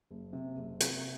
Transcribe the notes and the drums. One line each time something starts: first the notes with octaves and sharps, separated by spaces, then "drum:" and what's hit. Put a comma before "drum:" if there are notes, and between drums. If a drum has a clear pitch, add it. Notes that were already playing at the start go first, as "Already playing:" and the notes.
F#1
C3
F#1
C3, drum: hi-hat